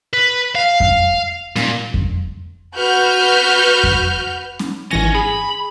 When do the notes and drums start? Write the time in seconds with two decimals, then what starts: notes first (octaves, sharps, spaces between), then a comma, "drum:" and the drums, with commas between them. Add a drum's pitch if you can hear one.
0.13 B4
0.55 F5
0.80 drum: kick F2
1.56 A#2, drum: snare C#4
1.94 drum: kick F2
2.76 F#4 B4 F6 G6
3.84 drum: kick F2
4.59 drum: snare C#4
4.91 G#1 E3 C#4 A#6
5.15 G#4 B5